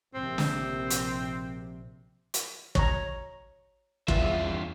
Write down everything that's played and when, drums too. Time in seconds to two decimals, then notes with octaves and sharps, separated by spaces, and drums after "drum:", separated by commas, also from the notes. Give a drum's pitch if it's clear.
0.15 A#1 C3 C4
0.38 drum: snare
0.90 drum: hi-hat
2.34 drum: hi-hat
2.75 C#5 A#5, drum: kick
4.08 E2 G2 F4 E5, drum: kick